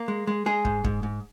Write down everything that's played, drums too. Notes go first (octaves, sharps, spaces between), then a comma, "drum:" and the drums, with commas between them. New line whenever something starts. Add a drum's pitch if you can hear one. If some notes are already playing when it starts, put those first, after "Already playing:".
Already playing: A#3
G#3
G#3
G#3 G#4
G#2, drum: kick
G#2, drum: kick
G#2